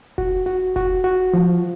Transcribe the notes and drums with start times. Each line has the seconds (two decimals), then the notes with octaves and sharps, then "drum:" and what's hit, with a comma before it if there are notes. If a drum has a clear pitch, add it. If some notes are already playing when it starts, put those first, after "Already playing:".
0.18 F#4, drum: kick F1
0.46 F#4, drum: hi-hat
0.76 F#4, drum: kick F1, hi-hat
1.04 F#4
1.33 F3, drum: hi-hat